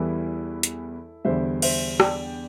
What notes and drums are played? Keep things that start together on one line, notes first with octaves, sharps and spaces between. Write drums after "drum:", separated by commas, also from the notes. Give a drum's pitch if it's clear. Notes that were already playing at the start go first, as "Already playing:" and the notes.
Already playing: E2 E3 G3 E4 A4
drum: hi-hat
E2 D3 G3 C5 E5
C5 E5, drum: cymbal
D5 G5, drum: rim click